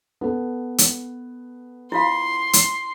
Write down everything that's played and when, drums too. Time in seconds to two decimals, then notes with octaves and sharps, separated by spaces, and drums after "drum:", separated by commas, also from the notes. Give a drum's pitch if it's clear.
0.21 B3 A4
0.78 drum: hi-hat
1.92 E4 F4 F5 C6
2.53 drum: hi-hat